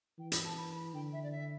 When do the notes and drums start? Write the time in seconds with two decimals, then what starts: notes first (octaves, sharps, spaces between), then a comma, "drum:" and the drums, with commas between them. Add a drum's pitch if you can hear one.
0.19 E3 G5
0.32 B5, drum: hi-hat
0.44 A5
0.57 B5
0.76 B5
0.94 D3 G5
1.13 E5
1.23 D5
1.32 E5